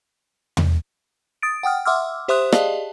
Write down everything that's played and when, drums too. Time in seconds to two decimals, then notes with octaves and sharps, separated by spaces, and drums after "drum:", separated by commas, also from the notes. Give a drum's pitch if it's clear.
0.57 drum: tom E2
1.42 D#6 A6 D7
1.63 F#5 G5 D#6 F6
1.86 E5 F#5 C6 D6 E6 F6
2.28 G4 C5 E5 C6 D#6 F#6
2.52 G4 G#4 D5 D#5 F5 A5, drum: rim click